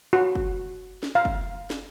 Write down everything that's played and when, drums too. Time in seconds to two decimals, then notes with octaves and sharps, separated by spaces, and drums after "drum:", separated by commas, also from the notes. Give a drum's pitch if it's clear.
0.13 F#4
0.35 drum: kick
1.03 drum: snare
1.15 F5
1.25 drum: kick
1.70 drum: snare